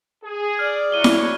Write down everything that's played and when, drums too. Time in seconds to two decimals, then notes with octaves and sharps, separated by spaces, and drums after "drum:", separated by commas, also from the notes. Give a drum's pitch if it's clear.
0.24 G#4
0.59 D5 F6
0.92 F#3 E4 C#5 D#7 G7
1.04 drum: snare E4